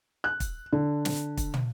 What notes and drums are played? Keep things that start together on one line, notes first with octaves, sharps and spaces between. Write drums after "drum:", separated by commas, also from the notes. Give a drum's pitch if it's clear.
F#6
drum: kick, hi-hat
D3
drum: snare
drum: kick, hi-hat
drum: tom